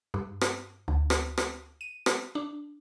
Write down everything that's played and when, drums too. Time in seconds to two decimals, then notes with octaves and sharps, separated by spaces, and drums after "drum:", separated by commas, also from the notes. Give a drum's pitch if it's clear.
0.14 G2
0.41 drum: rim click
0.88 D2
1.10 drum: rim click
1.38 drum: rim click
1.81 D#7
2.06 drum: rim click
2.35 D4